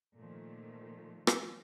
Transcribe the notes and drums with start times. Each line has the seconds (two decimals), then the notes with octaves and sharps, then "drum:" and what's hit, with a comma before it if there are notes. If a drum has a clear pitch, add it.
0.16 A#2 D#3 F3 A3
1.27 drum: rim click